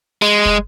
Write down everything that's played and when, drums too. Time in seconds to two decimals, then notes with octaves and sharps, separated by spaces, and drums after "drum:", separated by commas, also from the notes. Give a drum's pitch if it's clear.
0.22 G#3
0.45 drum: kick